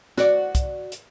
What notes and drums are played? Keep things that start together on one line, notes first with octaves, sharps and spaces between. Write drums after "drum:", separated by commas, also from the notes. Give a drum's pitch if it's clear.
F#4 D5, drum: snare
drum: kick, hi-hat
drum: hi-hat